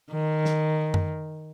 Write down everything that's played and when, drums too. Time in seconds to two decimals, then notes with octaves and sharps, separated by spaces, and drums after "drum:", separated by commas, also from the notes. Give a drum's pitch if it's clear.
0.11 D#3
0.45 drum: snare
0.94 drum: tom F#2